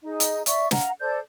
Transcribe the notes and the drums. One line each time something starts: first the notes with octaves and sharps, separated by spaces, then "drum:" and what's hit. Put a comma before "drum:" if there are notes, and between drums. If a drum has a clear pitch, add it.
D#4 G#4 D#5
drum: hi-hat
D5 E5 C#6, drum: hi-hat
F5 F#5 A#5, drum: snare
A4 C5 D5 G6